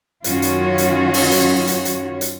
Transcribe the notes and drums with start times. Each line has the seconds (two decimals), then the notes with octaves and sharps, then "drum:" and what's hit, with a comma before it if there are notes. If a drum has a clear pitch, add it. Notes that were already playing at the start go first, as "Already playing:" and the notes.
0.24 F#2 D#3 C#4 F4 F#4 C#5, drum: hi-hat
0.42 drum: hi-hat
0.78 drum: hi-hat
1.14 drum: open hi-hat
1.32 drum: hi-hat
1.67 drum: hi-hat
1.85 drum: hi-hat
2.21 drum: hi-hat